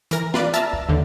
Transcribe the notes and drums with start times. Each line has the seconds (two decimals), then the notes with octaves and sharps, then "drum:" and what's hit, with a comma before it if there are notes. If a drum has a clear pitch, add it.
0.11 E3 A#4 A#6, drum: hi-hat
0.34 F4 B4 D5, drum: snare
0.54 E5 A5 A#5 E6 F6 A6, drum: hi-hat
0.73 drum: kick
0.89 D#2 D3